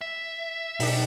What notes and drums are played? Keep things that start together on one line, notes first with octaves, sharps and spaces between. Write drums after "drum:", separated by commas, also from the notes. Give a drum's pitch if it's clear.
E5
B1 D4 D#4, drum: open hi-hat